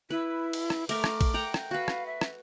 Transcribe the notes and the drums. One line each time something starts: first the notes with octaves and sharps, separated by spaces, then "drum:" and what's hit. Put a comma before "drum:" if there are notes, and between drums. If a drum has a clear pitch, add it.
E4 B4
drum: cymbal
drum: rim click
A3 A#4 D6, drum: cymbal
drum: rim click
drum: kick, cymbal
F#5 G5 A#5
drum: rim click
F#4 B4 F5
drum: rim click
E5
drum: rim click